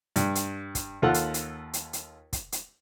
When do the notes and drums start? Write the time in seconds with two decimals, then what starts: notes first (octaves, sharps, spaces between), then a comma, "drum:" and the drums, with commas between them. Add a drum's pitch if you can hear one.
0.16 G2, drum: hi-hat
0.35 drum: hi-hat
0.75 drum: kick, hi-hat
1.02 D#2 F4 A4 F#5 F#6
1.14 drum: hi-hat
1.34 drum: hi-hat
1.73 drum: hi-hat
1.93 drum: hi-hat
2.33 drum: kick, hi-hat
2.52 drum: hi-hat